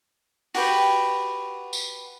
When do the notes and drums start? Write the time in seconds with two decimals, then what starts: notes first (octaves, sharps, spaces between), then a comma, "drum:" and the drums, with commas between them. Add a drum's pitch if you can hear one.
0.55 F#4 G4 B4 G5, drum: open hi-hat
1.73 drum: tambourine